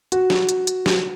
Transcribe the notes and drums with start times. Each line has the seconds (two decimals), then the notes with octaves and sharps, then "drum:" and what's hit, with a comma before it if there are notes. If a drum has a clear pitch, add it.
0.12 F#4, drum: hi-hat
0.30 drum: snare
0.49 drum: hi-hat
0.67 drum: hi-hat
0.86 drum: snare